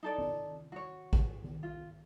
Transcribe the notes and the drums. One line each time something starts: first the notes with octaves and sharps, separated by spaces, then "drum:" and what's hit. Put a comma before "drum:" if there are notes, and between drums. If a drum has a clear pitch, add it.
D#4 A4 D5
drum: tom D#3
F#4 C#5
drum: kick
drum: tom D#3
F4